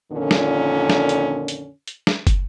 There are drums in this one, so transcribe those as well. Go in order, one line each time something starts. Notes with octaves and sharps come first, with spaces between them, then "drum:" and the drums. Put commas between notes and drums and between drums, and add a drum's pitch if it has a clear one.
F2 A#2 D3 D#3 C#4
drum: snare
drum: snare
drum: hi-hat
drum: hi-hat
drum: hi-hat
drum: snare
drum: kick, hi-hat